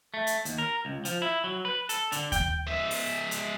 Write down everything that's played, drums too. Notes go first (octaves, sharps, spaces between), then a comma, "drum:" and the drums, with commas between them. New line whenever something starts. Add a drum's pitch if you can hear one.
A3
drum: hi-hat
D#2, drum: hi-hat
A#4
C#2
F3, drum: hi-hat
E4
F#3
B4
A4, drum: hi-hat
D3, drum: hi-hat
G5, drum: kick D#2, hi-hat
G#3 E5
drum: open hi-hat
drum: hi-hat